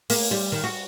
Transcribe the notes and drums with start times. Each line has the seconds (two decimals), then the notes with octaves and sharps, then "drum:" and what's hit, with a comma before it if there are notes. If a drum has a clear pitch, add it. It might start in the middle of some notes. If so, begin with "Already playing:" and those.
0.10 A#3, drum: open hi-hat
0.31 G3
0.52 D#3
0.64 F#4